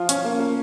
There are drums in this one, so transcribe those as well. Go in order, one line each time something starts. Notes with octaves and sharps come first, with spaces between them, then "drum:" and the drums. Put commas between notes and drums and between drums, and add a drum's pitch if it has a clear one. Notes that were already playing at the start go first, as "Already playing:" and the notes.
Already playing: F3 F4
C#4, drum: hi-hat
A#3
A#3